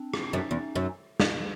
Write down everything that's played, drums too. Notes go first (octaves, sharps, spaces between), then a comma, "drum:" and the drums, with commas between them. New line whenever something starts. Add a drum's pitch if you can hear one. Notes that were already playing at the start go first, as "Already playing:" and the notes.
Already playing: C4 D4
drum: rim click
F#2 C#4 D#4
E2
F#2
drum: snare